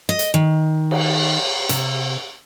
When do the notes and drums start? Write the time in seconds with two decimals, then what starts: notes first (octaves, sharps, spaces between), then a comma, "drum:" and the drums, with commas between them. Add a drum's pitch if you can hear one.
0.09 D#5
0.19 drum: hi-hat
0.34 D#3
0.91 drum: cymbal
1.69 C3, drum: hi-hat